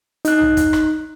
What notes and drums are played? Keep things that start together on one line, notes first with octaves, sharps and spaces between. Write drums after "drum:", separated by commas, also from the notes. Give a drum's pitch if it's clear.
D#4 F#6, drum: hi-hat
drum: tom B1
drum: kick, hi-hat
drum: rim click